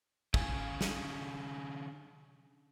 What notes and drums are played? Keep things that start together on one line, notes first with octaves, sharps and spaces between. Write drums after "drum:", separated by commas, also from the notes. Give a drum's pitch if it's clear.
D3 C#4 F5 G#5, drum: kick
drum: snare